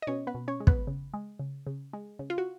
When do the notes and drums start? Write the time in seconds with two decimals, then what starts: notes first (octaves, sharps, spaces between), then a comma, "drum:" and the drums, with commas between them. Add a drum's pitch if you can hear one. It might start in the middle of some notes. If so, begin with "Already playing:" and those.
0.02 D#5
0.07 B2 C#4 C#5
0.27 B3 B4
0.35 B2
0.48 C#4 C#5
0.60 G#3
0.67 B3 B4, drum: kick
0.87 C#3
1.14 G#3
1.39 C#3
1.67 C#3
1.93 G#3
2.19 C#3
2.30 F4
2.38 F#4